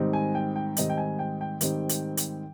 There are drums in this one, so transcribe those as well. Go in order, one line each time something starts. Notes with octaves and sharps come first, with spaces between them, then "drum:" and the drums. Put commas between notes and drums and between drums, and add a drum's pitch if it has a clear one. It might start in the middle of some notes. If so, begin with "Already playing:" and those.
Already playing: G#2 D#3 G3 C4 D#4
G#5
G5
G5
G#2 D#3 G3 C4 D#4 D#5, drum: hi-hat
G5
G#5
G5
G5
G#2 D#3 G3 C4 D#4, drum: hi-hat
drum: hi-hat
drum: hi-hat